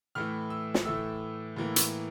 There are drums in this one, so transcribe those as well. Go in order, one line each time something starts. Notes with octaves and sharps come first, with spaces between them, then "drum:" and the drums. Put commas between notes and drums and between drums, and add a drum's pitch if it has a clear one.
A2 E3 A3 F6
E6
drum: snare
A2 E3 A3 E6
A2 E3 A#3
drum: hi-hat